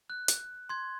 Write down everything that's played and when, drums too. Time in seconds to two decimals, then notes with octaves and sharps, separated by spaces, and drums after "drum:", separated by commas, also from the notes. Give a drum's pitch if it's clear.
0.10 F#6
0.28 drum: hi-hat
0.69 C6 G#6